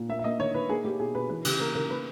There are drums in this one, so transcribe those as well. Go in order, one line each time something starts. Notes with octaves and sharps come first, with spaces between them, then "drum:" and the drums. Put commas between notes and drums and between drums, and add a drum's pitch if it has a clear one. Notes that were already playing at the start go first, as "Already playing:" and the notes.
Already playing: A#2
A#3 E5
E5
A#3 D#5
D#3 C#5
D#3 B4
A#3 G#4
A#3 G4
B2 G#4
B2 B4
E3 B4
C#3 G4, drum: cymbal
A#3 A#4
C#3 A#4
A#3 B4